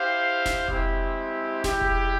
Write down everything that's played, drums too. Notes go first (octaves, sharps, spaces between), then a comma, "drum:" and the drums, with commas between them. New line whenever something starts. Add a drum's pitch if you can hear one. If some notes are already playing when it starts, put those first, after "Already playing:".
Already playing: E4 G4 C5 F5
drum: snare D1
G#3 C4 E4 G4, drum: kick F1
G#3 E4 G4, drum: snare D1
drum: kick F1